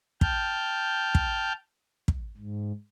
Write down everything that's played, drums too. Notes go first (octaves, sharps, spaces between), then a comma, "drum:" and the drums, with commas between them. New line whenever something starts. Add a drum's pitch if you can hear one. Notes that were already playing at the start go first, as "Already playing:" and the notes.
G5 A5 F6 G6, drum: kick
drum: kick
drum: kick
G#2